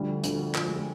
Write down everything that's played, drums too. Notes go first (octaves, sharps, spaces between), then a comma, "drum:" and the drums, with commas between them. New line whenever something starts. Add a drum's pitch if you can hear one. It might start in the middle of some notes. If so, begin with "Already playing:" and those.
Already playing: D2 D3 F3 G3
D2 D3 F3, drum: hi-hat
D2 D3 F3, drum: clap
G#3
G#3